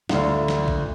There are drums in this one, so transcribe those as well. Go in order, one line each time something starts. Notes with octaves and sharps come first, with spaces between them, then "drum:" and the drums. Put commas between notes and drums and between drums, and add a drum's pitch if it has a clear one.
D2 F4, drum: snare
drum: snare
drum: kick A#1